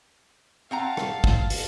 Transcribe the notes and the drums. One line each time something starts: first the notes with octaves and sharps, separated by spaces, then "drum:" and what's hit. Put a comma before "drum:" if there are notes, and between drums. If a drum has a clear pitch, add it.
C4 F5 F#5 A5 A#5
drum: rim click
drum: kick
drum: open hi-hat